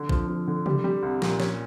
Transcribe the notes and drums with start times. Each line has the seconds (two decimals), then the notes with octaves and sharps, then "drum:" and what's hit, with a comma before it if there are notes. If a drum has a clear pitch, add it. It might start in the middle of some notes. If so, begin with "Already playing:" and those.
Already playing: D3
0.09 F3, drum: kick A1
0.28 F3
0.48 D3
0.66 G3, drum: tom C3
0.84 G3
1.03 C2
1.22 A#2, drum: snare
1.40 C#4, drum: snare